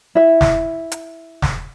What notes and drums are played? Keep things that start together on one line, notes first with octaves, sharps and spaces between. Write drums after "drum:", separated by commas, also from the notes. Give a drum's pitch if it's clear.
E4 E5
drum: snare
drum: hi-hat
drum: snare